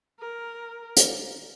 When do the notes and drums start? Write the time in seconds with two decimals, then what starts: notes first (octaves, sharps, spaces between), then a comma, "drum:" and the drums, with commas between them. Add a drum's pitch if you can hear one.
0.20 A#4
0.97 drum: hi-hat